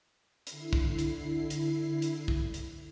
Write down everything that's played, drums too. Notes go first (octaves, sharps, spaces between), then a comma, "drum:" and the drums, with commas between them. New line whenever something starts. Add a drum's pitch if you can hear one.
D3 E4 C7, drum: hi-hat
drum: kick
drum: hi-hat
drum: hi-hat
drum: hi-hat
drum: kick
drum: hi-hat